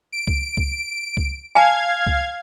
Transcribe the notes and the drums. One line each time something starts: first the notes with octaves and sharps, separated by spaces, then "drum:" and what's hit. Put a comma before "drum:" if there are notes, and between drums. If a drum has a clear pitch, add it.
D7
drum: kick C#2
drum: kick C#2
drum: kick C#2
F5 G#5 A5 G#6
drum: kick C#2